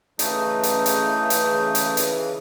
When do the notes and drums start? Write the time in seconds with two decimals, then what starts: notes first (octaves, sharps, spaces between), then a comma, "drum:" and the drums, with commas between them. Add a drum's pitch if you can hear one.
0.19 C#3 E3 A3 D#4, drum: hi-hat
0.63 drum: hi-hat
0.86 drum: hi-hat
1.30 drum: hi-hat
1.75 drum: hi-hat
1.97 drum: hi-hat